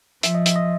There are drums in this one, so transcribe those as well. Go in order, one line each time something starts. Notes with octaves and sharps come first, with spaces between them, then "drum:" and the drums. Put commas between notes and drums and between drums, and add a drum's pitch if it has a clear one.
F3 E5, drum: hi-hat
D#5
E5, drum: hi-hat
D#5